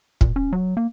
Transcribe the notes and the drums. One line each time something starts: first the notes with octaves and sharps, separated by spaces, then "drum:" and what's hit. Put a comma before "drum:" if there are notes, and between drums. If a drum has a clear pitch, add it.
A#2, drum: kick
C#4
F#3
A#3